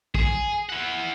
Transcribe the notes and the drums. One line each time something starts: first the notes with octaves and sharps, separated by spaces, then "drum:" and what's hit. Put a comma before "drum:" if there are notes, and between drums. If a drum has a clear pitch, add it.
G#4, drum: kick
E4 F#5